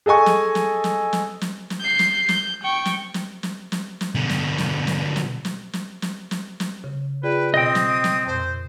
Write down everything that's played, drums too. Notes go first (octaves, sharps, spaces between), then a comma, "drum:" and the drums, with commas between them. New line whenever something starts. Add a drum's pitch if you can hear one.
G#4 A4 D#5 G#5 C#6
drum: snare
drum: snare
drum: snare
drum: snare
drum: snare
drum: snare
G6 C7
drum: snare
G6, drum: snare
G5 C#6
drum: snare
drum: snare
drum: snare
drum: snare
drum: snare
B2 D3
drum: snare
drum: snare
drum: snare
drum: snare
drum: snare
drum: snare
drum: snare
drum: snare
drum: snare
C#3
F4 G#4 B4 D5 G5
B2 C4 D#5 G5 D#6
drum: snare
drum: snare
F2 A#2 C5